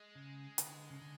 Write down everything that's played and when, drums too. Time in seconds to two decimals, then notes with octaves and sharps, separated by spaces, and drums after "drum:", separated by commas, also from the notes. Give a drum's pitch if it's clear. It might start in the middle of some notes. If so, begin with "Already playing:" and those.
Already playing: G#3
0.15 C#3
0.58 D3, drum: hi-hat
0.90 C#3
1.02 D3